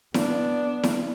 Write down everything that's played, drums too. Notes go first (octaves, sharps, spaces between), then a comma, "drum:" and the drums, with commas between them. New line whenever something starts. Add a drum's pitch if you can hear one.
B3 D4, drum: snare E4
drum: snare E4